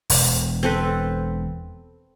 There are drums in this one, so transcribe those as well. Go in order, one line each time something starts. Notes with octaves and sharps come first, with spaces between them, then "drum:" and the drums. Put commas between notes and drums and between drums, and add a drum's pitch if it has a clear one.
E1, drum: open hi-hat
C4 A4 B4